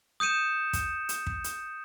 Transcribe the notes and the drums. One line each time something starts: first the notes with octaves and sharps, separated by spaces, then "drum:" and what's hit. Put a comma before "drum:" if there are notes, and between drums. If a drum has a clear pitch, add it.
D#6 G6 C#7 D#7 E7
drum: kick, hi-hat
drum: hi-hat
drum: kick
drum: hi-hat